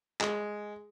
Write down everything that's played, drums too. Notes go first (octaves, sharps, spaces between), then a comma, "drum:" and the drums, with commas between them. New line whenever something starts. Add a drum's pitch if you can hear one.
G#3, drum: clap